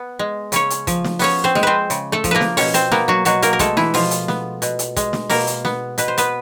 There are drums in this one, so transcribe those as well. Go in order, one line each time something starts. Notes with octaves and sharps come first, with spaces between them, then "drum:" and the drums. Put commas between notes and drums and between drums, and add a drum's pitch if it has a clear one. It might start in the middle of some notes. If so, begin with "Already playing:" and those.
Already playing: B3
G#3
C#3 C#4 C#5, drum: hi-hat
drum: hi-hat
F3, drum: kick, hi-hat
drum: snare
B3 C#4 C#5, drum: open hi-hat
C4 C5
G#3, drum: snare
C4 B4 C5
C#3, drum: hi-hat
A3 A4
F3, drum: kick, hi-hat
A#3 A#4 B4
drum: snare
B2 C#4 C#5, drum: open hi-hat
C4 C5, drum: hi-hat
A#3 B3 A#4, drum: snare
F#3 F#4
B2 F#3 F#4, drum: hi-hat
A#3 A#4, drum: hi-hat
A#4
G#3 A3 A4, drum: kick, hi-hat
E3 E4, drum: snare
B2 F3 F4, drum: open hi-hat
drum: hi-hat
B3, drum: snare
B2, drum: hi-hat
drum: hi-hat
G#3, drum: kick, hi-hat
drum: snare
B2 A#3 A#4, drum: open hi-hat
drum: hi-hat
B3, drum: snare
B2 B4, drum: hi-hat
C5
B3 B4, drum: hi-hat